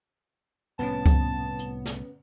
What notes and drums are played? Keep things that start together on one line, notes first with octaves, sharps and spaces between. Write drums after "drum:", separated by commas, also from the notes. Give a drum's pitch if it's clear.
C2 A2 C3 B3 C#4 B4 A5
drum: kick C#2
drum: hi-hat
drum: snare